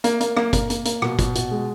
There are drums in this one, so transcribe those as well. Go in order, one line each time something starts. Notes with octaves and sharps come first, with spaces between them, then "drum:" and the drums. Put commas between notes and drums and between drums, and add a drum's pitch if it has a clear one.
A#3, drum: hi-hat
A#3, drum: hi-hat
A#3, drum: rim click
A#3, drum: kick, hi-hat
A#3, drum: hi-hat
A#3, drum: hi-hat
B2, drum: rim click
B2, drum: kick, hi-hat
B2, drum: hi-hat
G#3